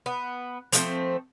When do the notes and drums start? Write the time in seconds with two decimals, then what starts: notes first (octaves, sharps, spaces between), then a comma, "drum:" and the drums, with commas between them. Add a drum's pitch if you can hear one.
0.06 B3
0.72 F3 A3 C4, drum: hi-hat